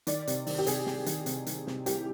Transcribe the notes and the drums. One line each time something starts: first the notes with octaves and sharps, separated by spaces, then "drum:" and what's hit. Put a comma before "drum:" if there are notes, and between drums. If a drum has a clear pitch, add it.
D#3 D5, drum: hi-hat
C3, drum: hi-hat
D#3, drum: open hi-hat
G4
C3 G#4, drum: hi-hat
C3, drum: snare
D#3, drum: hi-hat
C3, drum: hi-hat
D#3, drum: hi-hat
C3, drum: snare
C2 G4, drum: hi-hat